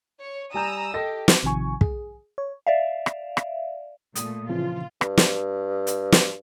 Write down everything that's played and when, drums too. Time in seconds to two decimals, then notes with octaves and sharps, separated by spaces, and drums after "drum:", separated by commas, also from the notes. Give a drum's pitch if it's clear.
0.20 C#5
0.54 G3 G#5 A#5 D#6 E6 G6
0.94 G4 A4 D#5 A#6
1.28 drum: snare
1.43 A1 C3 D#3 F3 G#5 C#6
1.81 G#4, drum: kick
2.38 C#5
2.67 D5 E5 F5
3.06 drum: rim click
3.37 drum: rim click
4.16 A#2 A3 D#6, drum: hi-hat
4.49 C#3 E3 F3 F4
5.01 G2, drum: rim click
5.17 drum: snare
5.87 drum: hi-hat
6.12 drum: snare